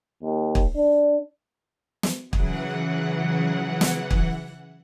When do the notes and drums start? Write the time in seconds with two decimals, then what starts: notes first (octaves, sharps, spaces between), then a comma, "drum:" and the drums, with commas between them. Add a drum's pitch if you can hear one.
0.23 D#2
0.55 drum: kick
0.76 D4
2.03 drum: snare
2.33 C#3 E3 F#3 F#5, drum: kick
3.81 drum: snare
4.11 drum: kick